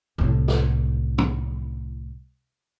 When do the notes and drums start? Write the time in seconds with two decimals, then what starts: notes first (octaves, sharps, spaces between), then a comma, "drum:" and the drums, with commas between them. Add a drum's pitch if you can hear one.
0.18 C2 A2, drum: tom D#3
0.48 drum: snare
1.18 drum: tom